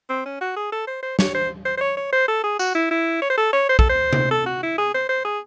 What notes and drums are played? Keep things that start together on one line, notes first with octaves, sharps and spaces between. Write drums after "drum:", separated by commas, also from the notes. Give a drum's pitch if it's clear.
C4
C#4
F#4
G#4
A4
C5
C5
C#5, drum: snare
C5
C5
C5
C#5
C#5
C5
A4
G#4
F#4, drum: tambourine
E4
E4
C#5
C5
A4
C#5
C5
A4, drum: kick
C5
drum: tom C3
A4
F#4
E4
G#4
C5
C5
G#4